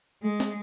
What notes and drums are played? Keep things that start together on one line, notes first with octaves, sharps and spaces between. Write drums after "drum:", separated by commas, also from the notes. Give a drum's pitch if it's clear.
G#3
drum: snare